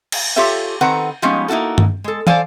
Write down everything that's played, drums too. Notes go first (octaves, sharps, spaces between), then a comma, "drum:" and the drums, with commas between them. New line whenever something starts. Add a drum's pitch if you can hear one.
drum: cymbal
F4 G4 A4 C#5 E5
D#3 C4 A4 B4 F#5 A#5
F3 G3 G#3 B3 C#4 D#4
A#3 D#4 E4 F#4 A4
drum: tom G2
G#3 A4
A4 C5 D5 F5 G#5, drum: tom